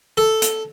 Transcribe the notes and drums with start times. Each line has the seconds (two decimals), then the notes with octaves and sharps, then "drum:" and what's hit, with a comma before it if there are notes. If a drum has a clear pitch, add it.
0.17 A4
0.42 drum: hi-hat